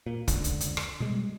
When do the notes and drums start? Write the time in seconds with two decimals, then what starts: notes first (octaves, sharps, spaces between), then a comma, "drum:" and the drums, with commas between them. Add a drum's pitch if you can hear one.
0.06 A#2
0.28 F1 C#2 D3, drum: kick, hi-hat
0.44 drum: hi-hat
0.60 drum: hi-hat
0.77 drum: rim click
1.00 B2 G3 G#3